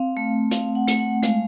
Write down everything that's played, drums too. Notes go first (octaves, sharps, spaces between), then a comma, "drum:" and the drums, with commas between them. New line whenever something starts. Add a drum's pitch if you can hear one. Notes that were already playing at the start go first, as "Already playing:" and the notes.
Already playing: C4 F5
A3
C4 F5, drum: hi-hat
F#5
A3, drum: hi-hat
F#5
G#3 F5, drum: hi-hat